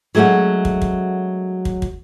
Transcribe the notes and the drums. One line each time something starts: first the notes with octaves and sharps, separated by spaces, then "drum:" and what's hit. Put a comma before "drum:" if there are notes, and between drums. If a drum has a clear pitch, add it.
F#3 G#3 A3 C#4 F#4
drum: kick
drum: kick
drum: kick
drum: kick